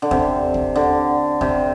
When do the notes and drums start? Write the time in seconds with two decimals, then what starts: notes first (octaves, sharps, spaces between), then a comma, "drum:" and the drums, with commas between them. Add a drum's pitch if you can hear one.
0.02 D3
0.11 C3, drum: kick D#2
0.54 drum: kick D#2
0.76 D3
1.41 C3, drum: kick D#2